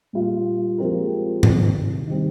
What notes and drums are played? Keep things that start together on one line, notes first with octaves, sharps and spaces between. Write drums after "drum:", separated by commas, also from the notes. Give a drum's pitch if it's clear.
A#2 G3 A#3 F4
F3 G#3 C4 G4 A#4
C3 D#3 A#3, drum: tom G#2
D#3 G3 C4